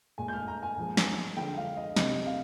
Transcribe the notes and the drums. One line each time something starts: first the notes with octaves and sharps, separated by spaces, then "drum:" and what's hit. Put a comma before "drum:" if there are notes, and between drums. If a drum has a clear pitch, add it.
A#2 G#3 G#5
G6
F6
A#5
G#5
A#2 F3 G#3
drum: snare
D3 F3 G#3 G5
F5
D#5
C3 G3 D#5, drum: snare
F5